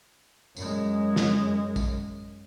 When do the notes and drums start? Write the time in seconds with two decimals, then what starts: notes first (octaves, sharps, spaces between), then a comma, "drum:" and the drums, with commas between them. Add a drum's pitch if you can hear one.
0.57 F#2 G#3, drum: tambourine
1.16 drum: snare
1.76 drum: kick, tambourine